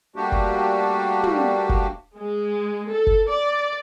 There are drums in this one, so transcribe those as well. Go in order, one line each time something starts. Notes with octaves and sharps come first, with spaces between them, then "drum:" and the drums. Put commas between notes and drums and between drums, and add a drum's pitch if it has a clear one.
G3 A3 A#3 D4 F#4 G4
drum: kick F#1
drum: tom
drum: kick F#1
G#3
A4
drum: kick F#1
D5